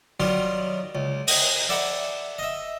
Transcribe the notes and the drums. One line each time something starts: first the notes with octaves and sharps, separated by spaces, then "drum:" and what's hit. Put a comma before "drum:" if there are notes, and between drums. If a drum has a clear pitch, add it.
D#3 F#3 G3 B3 F4
C#2
D#5, drum: open hi-hat
A4 D5 E5 F#5 B5
D#5 E5